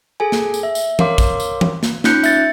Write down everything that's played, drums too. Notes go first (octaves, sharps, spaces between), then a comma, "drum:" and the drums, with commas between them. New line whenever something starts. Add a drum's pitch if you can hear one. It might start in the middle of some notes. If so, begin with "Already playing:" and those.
G#4 A4 G#5
drum: snare
drum: tambourine
E5
drum: tambourine
A#4 C#5 F5 C6 D6, drum: tom E3
drum: kick, tambourine
drum: tambourine
drum: tom E3
drum: snare
C#4 D#4 F4 F#6 G6 C#7, drum: snare
E5 A6 C#7, drum: tambourine